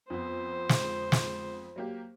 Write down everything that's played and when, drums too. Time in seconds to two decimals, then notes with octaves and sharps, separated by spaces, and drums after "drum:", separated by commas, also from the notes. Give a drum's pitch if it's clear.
0.10 F2 B3 C5
0.69 drum: snare
1.12 drum: snare
1.76 F#3 A#3 G4